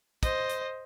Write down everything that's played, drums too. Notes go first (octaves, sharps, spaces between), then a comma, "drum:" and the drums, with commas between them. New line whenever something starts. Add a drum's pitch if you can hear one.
C5 D#5, drum: kick, hi-hat
drum: hi-hat